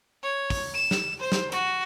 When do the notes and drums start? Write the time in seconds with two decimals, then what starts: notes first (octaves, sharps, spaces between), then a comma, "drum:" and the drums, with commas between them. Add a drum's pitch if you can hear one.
0.23 C#5
0.50 drum: kick, open hi-hat
0.74 E7
0.91 drum: snare
1.20 C5
1.32 drum: snare
1.52 F#4, drum: hi-hat